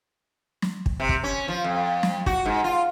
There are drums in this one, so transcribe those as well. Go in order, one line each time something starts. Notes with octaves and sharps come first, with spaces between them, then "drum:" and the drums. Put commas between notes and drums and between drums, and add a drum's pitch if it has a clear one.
drum: snare
drum: kick
C3
drum: kick
C#4
F3
F2
drum: snare
F#4, drum: kick
G#2
F4